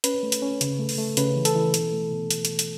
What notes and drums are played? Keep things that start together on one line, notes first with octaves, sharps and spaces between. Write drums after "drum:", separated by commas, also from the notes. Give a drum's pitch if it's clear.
C#4 B4, drum: hi-hat
A3
drum: hi-hat
C#4
C#3, drum: hi-hat
A3
drum: open hi-hat
A3
C#3 B4, drum: hi-hat
E3
A4, drum: hi-hat
E3
B2, drum: hi-hat
A3
B2
drum: hi-hat
drum: hi-hat
drum: hi-hat